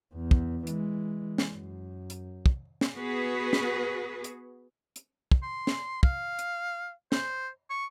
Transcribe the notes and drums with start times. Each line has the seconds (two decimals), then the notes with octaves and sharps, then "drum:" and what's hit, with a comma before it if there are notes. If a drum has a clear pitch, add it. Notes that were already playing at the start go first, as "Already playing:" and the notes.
0.14 E2
0.31 drum: kick
0.67 E3 G#3, drum: hi-hat
1.38 drum: snare
1.55 F#2
2.10 drum: hi-hat
2.46 drum: kick
2.81 drum: snare
2.95 B3 F#4 G#4 B4
3.53 drum: snare
4.24 drum: hi-hat
4.96 drum: hi-hat
5.32 drum: kick
5.43 C6
5.67 drum: snare
6.03 F5, drum: kick
6.39 drum: hi-hat
7.12 C5, drum: snare
7.70 C#6